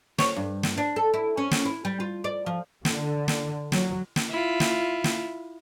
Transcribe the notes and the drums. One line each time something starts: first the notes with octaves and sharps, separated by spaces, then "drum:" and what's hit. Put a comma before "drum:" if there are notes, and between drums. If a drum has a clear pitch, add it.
C#5, drum: snare
G2
drum: snare
D4
A4
E4
C#4
drum: snare
E4
G3
F4
D5
F3
D3, drum: snare
drum: snare
F#3, drum: snare
drum: snare
E4 F4
drum: snare
drum: snare